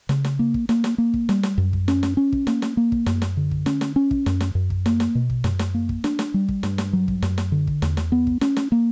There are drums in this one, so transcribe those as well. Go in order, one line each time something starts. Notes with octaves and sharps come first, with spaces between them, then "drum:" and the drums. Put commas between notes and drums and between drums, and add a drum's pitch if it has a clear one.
C#3, drum: snare
drum: snare
A#3
drum: kick
A#3, drum: snare
drum: snare
A#3
drum: kick
G3, drum: snare
drum: snare
F#2
drum: kick
C#4, drum: snare
drum: snare
C#4
drum: kick
A#3, drum: snare
drum: snare
A#3
drum: kick
F#2, drum: snare
drum: snare
D3
drum: kick
C#4, drum: snare
drum: snare
C#4
drum: kick
F#2, drum: snare
drum: snare
F#2
drum: kick
A#3, drum: snare
drum: snare
B2
drum: kick
F#2, drum: snare
drum: snare
A#3
drum: kick
D4, drum: snare
drum: snare
G3
drum: kick
G2, drum: snare
drum: snare
F#3
drum: kick
F#2, drum: snare
drum: snare
D3
drum: kick
E2, drum: snare
drum: snare
B3
drum: kick
C#4, drum: snare
drum: snare
A#3